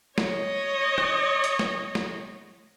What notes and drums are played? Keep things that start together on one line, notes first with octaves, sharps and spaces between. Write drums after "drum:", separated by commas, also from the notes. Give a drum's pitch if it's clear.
C#5 D#5, drum: snare A3
drum: rim click
drum: hi-hat
drum: snare A3
drum: snare A3